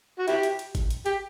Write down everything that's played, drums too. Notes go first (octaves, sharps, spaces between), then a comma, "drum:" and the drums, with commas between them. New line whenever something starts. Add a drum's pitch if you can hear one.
F#4
E4 G4, drum: hi-hat
drum: hi-hat
drum: hi-hat
drum: kick G#1, hi-hat
drum: hi-hat
G4, drum: hi-hat